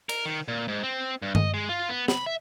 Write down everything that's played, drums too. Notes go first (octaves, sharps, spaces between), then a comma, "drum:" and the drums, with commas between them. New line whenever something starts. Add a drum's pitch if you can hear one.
A#4, drum: cymbal
D#3
A#2
G#2
C4
G2
D#5, drum: tom G2
G#3
F4
B3
B5, drum: snare
E5